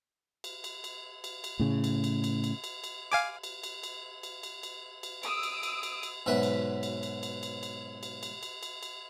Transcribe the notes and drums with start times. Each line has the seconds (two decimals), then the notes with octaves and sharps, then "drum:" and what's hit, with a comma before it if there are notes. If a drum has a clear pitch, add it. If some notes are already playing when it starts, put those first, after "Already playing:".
0.44 drum: cymbal
0.64 drum: cymbal
0.84 drum: cymbal
1.24 drum: cymbal
1.44 drum: cymbal
1.59 A2 C#3
1.84 drum: cymbal
2.04 drum: cymbal
2.24 drum: cymbal
2.44 drum: cymbal
2.64 drum: cymbal
2.84 drum: cymbal
3.12 F5 G#5 D6
3.44 drum: cymbal
3.63 drum: cymbal
3.83 drum: cymbal
4.23 drum: cymbal
4.43 drum: cymbal
4.63 drum: cymbal
5.03 drum: cymbal
5.23 D#6 E6 D7, drum: cymbal
5.43 drum: cymbal
5.63 drum: cymbal
5.83 drum: cymbal
6.03 drum: cymbal
6.26 G#2 B2 F#3 B4 E5
6.43 drum: cymbal
6.83 drum: cymbal
7.03 drum: cymbal
7.23 drum: cymbal
7.43 drum: cymbal
7.63 drum: cymbal
8.03 drum: cymbal
8.23 drum: cymbal
8.43 drum: cymbal
8.63 drum: cymbal
8.83 drum: cymbal